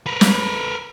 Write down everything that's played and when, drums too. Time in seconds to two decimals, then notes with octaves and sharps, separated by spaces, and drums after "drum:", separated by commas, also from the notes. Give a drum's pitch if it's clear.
0.06 A#4 B4
0.21 drum: snare